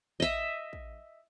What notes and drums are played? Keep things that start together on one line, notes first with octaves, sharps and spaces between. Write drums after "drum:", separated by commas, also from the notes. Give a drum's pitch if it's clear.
D#5 E5, drum: kick
drum: kick